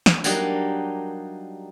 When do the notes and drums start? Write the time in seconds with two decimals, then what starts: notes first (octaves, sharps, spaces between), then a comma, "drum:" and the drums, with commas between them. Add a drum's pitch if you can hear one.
0.06 drum: snare
0.24 F#3 G3 A#3 D4 D#4 G4, drum: tambourine